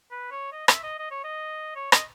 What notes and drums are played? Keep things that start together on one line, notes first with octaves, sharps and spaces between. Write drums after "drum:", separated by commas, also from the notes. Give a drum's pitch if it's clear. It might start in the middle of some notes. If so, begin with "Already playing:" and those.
B4
C#5
D#5
E5, drum: rim click
D#5
D#5
C#5
D#5
C#5
D#5, drum: rim click